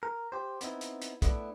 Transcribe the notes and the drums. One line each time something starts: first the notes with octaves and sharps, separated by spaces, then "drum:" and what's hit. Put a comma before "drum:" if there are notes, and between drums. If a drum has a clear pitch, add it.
A#4
G4 C5
B3 C4 D#4 E4, drum: hi-hat
drum: hi-hat
drum: hi-hat
A3 B3 D4 E4, drum: kick, hi-hat